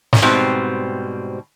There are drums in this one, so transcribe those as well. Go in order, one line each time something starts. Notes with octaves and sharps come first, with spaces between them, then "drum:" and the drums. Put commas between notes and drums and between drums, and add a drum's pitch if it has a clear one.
drum: snare
G#2 B2 G3 C4